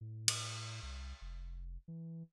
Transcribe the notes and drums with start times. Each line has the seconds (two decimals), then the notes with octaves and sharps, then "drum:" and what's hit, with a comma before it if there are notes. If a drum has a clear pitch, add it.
0.01 A2
0.28 drum: cymbal
0.82 C2
1.21 F1
1.88 E3